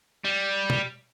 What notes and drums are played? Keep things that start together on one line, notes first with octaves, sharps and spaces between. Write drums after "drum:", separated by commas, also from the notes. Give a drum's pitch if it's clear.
G3
drum: tom